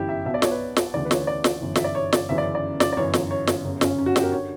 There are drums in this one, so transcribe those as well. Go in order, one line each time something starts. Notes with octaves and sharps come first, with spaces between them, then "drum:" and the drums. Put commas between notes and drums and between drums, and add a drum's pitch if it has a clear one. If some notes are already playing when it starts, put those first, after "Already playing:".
Already playing: G1 F#2 E3 E4 G4
E5
B1 B2 E5
D5
C#5, drum: snare
B4
drum: snare
D2 C#3 E3 D5
B4
C#5, drum: snare
D5
drum: snare
G1 F#2 E3
E5, drum: snare
D5
C#5
D5, drum: snare
G1 F#2 C#3 E3 E5
D5
D5
D5, drum: snare
D5
G1 F#2 E3 C#5
drum: snare
C#5
drum: snare
G1 F#2 C#3
C#4, drum: snare
C#4
F#4
G4, drum: snare
A#4
D3 C#5